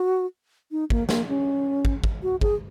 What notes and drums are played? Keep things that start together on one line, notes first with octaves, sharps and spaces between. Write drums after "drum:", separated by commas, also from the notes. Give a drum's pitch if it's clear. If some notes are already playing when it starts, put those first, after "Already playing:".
Already playing: F#4
D#4
A#3, drum: kick
A#3, drum: snare
C#4
drum: kick
drum: kick
F#4
G#4, drum: kick